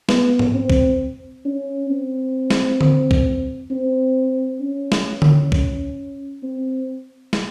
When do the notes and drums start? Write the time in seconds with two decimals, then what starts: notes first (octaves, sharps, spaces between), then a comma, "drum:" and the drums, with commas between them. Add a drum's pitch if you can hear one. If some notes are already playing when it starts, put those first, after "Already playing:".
0.09 B3, drum: snare
0.39 drum: tom G#2
0.55 C4
0.70 drum: kick
1.45 C#4
1.90 C4
2.50 drum: snare
2.81 drum: tom D3
3.11 drum: kick
3.70 C4
4.61 C#4
4.92 drum: snare
5.22 drum: tom D3
5.52 drum: kick
6.43 C4
7.33 drum: snare